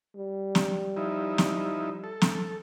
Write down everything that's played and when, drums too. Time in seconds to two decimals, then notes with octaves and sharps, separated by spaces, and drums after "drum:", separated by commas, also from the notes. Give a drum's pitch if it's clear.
0.15 G3
0.55 drum: snare
0.97 F3 D#4 E4
1.38 drum: snare
2.04 A4
2.21 drum: snare